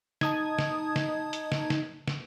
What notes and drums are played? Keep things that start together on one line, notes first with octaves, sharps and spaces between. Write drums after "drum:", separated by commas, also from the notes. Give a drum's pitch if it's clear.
D#4 A5 D#6 G#6, drum: snare
drum: snare
drum: snare
drum: hi-hat
drum: snare
drum: snare
drum: snare